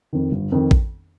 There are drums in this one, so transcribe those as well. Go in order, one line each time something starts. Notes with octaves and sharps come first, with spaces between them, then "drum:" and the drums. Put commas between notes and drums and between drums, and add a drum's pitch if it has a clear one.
F2 D#3
G1
F2 D#3
drum: kick A1